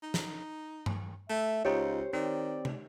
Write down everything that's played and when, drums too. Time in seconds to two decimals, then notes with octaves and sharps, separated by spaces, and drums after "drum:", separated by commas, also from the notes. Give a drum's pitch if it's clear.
0.03 D#4
0.14 drum: snare
0.86 drum: tom G2
1.30 A3 E5
1.65 C#2 D#4 F4 G4 C5 C#5
2.13 D#3 C4 D5
2.65 drum: tom C3